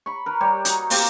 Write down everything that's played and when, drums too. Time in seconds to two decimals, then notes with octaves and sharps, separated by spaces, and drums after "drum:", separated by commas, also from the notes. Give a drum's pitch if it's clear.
0.06 B5 C#6
0.26 A#4 B4
0.41 G3 G4 A#4 C#5
0.65 D#4 F#4, drum: hi-hat
0.90 A#3 C4 G4 A#4, drum: open hi-hat